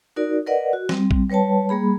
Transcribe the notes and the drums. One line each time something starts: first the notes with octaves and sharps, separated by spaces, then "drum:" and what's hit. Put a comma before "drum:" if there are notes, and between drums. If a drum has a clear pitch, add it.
D#4 F#4 A#4 D5
A#4 B4 D5 D#5 F#5
F#4
G3 C4, drum: snare
drum: kick A#1
G3 B4 C#5 G5 A5
G3 A#3 G#4 B5